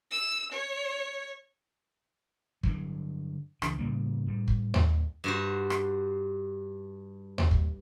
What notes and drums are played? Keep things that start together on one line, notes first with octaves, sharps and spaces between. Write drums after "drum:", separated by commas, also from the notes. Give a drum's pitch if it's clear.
E6
C#5
G2 D3 F#3, drum: kick
C#2 E3 D4, drum: rim click
A2 C#3 G3 A#3
A2 G3
drum: kick
drum: tom D#2
G2 F#4 C5
drum: rim click
drum: tom D#2
drum: kick